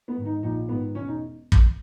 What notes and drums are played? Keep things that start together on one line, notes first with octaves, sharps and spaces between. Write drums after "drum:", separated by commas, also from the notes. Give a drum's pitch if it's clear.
B3
G#2 D#3
D#4
A#1 D#4
G#2 D#3 B3
E1 C#4
D#4
drum: kick